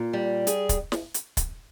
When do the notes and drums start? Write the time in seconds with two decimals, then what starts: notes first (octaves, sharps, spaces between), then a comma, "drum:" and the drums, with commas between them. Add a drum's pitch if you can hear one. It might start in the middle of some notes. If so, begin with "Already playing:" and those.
Already playing: A#2
0.13 G3
0.47 G#4, drum: hi-hat
0.69 drum: kick, hi-hat
0.92 drum: snare
1.14 drum: hi-hat
1.37 drum: kick, hi-hat